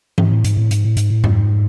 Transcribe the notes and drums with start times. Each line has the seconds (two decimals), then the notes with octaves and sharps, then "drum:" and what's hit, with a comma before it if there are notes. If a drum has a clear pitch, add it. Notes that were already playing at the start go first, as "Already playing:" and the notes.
0.18 G#2, drum: tom E3
0.31 A2
0.44 G#2, drum: hi-hat
0.57 A2
0.71 G#2, drum: hi-hat
0.85 A2
0.97 G#2, drum: hi-hat
1.10 A2
1.24 G#2, drum: tom F2